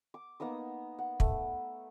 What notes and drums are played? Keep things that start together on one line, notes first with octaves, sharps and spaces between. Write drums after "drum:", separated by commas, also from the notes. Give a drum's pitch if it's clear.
D6
A#3 B3 D#4 D#6
F#5
A3, drum: kick